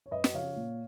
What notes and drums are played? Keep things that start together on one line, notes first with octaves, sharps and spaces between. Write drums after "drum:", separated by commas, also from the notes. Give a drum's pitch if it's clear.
C#5
F#2 B4 D#5
drum: snare
C#3 F3 C#5 F5
A#2